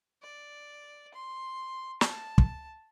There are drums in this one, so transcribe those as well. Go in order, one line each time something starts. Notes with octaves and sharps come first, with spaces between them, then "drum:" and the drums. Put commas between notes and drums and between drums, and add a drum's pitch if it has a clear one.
D5
C6
A5, drum: snare
drum: kick